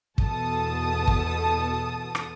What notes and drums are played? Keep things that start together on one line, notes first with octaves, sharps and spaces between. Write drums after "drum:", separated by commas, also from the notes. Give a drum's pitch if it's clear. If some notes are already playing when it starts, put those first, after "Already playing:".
E2 B2 A4 A5 D#6, drum: kick
drum: kick
drum: rim click